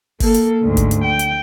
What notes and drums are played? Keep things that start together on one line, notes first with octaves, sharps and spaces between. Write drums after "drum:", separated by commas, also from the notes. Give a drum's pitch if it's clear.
A#3 A4, drum: kick G1, open hi-hat
drum: hi-hat
D2 G#2
drum: kick G1, hi-hat
drum: hi-hat
G5
drum: hi-hat